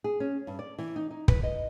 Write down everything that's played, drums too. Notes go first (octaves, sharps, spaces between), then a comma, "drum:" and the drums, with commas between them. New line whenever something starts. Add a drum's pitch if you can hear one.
G#4
C#4
G2
D5
E3
D#4
D#4
B4, drum: kick
D#5